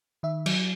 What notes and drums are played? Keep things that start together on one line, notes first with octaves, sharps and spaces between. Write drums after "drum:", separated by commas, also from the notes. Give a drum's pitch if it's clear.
D#3 E5
F#3, drum: cymbal